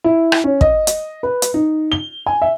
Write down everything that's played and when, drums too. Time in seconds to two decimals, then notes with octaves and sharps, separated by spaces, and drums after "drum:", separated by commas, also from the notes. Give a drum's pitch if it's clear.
0.04 E4
0.32 drum: rim click
0.44 C#4
0.61 D#5, drum: kick
0.87 drum: hi-hat
1.23 B4
1.42 drum: hi-hat
1.54 D#4
1.92 G7
2.26 G#5
2.42 E5